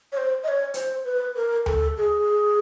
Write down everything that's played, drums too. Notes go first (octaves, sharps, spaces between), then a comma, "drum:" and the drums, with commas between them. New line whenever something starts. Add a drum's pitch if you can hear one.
C#5
C5
D#5
C#5
C5, drum: hi-hat
B4
A#4
A4, drum: tom D2
G#4